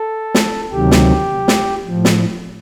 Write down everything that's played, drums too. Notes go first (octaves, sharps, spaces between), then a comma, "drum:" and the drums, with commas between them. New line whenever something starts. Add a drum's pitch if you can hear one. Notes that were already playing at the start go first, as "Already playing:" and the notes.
Already playing: A4
drum: snare
D2 C3 D#3 F#3 G4
drum: snare
drum: snare
A2 F3
drum: snare